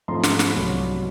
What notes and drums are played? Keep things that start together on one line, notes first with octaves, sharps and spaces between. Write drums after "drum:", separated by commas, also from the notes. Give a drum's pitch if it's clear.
G#2 F3 A3 C4 A#5 C6
C6 D6, drum: snare
B5 C#6, drum: snare
C2 B2 F#3